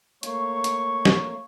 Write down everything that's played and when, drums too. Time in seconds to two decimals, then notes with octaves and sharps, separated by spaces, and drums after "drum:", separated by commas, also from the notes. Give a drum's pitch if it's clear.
0.23 A3 A#3 C#5 C#6, drum: hi-hat
0.64 drum: hi-hat
1.05 drum: snare